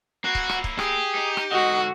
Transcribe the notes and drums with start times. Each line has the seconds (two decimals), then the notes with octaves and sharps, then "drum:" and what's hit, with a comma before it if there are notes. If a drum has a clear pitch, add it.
0.24 A#3 E4 F#4 F#5
0.35 drum: kick
0.49 drum: rim click
0.64 drum: kick
0.79 G4 G#4, drum: rim click
1.15 D#4
1.37 drum: rim click
1.52 G#2 D3 F#4 D#5